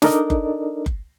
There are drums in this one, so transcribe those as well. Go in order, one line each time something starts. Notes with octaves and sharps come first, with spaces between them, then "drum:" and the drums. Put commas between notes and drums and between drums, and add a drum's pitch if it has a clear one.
D4 D#4 A4 A#4 D5 D#5, drum: snare
drum: kick F#1
drum: kick F#1